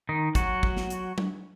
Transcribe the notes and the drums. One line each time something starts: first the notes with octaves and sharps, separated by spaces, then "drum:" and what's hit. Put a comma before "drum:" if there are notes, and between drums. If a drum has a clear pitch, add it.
D#3 D#4
F#3 F#4, drum: kick, hi-hat
drum: kick
drum: snare
drum: hi-hat
drum: tom